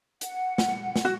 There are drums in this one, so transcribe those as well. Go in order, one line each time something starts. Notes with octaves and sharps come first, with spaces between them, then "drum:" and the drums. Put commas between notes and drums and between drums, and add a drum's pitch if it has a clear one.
F#5, drum: hi-hat
drum: snare
drum: snare
F#4